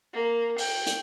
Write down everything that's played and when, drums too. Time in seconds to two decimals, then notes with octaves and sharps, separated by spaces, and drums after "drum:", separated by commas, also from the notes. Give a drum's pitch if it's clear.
0.13 A#3
0.58 G5, drum: open hi-hat
0.87 drum: hi-hat